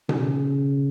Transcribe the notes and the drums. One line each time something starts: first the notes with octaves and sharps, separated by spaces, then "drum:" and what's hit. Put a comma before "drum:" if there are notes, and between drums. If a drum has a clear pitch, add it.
C#3, drum: tom B2